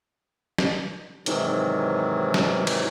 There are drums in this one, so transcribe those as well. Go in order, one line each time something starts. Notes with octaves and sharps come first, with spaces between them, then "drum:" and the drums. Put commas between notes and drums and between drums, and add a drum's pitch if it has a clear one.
drum: snare
G#2 C3 D#3 E3 F#3, drum: hi-hat
drum: snare
drum: cymbal